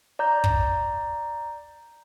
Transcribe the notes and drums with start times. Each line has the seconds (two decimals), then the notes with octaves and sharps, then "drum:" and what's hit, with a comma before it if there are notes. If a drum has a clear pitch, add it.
0.19 D5 A#5 G6
0.44 drum: kick